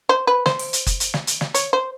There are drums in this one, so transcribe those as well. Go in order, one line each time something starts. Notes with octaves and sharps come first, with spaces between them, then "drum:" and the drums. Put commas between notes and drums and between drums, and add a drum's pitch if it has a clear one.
C5
B4
C5, drum: snare
drum: open hi-hat
drum: hi-hat
drum: kick F#1, hi-hat
drum: hi-hat
drum: snare
drum: hi-hat
drum: snare
C#5, drum: hi-hat
C5